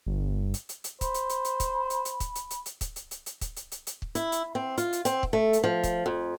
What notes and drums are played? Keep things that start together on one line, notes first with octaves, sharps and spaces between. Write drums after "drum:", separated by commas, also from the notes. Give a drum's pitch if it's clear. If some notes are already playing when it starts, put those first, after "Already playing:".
G1
drum: hi-hat
drum: hi-hat
drum: hi-hat
C5 B5, drum: kick, hi-hat
drum: hi-hat
drum: hi-hat
drum: hi-hat
drum: kick, hi-hat
drum: hi-hat
drum: hi-hat
drum: kick, hi-hat
drum: hi-hat
drum: hi-hat
drum: hi-hat
drum: kick, hi-hat
drum: hi-hat
drum: hi-hat
drum: hi-hat
drum: kick, hi-hat
drum: hi-hat
drum: hi-hat
drum: hi-hat
drum: kick
E4, drum: hi-hat
drum: hi-hat
C4
F4, drum: hi-hat
drum: hi-hat
C4, drum: hi-hat
drum: kick
A3
drum: hi-hat
F3
drum: kick, hi-hat
F2